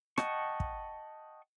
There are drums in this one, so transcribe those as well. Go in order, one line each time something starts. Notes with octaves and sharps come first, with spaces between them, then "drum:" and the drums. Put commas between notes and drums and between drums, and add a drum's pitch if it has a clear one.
D#5 F#5 G5 A5 C#6, drum: rim click
drum: kick